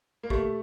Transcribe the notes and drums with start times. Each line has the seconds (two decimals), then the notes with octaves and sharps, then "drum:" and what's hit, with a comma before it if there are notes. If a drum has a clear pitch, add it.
0.23 A#3
0.30 A3 G4, drum: kick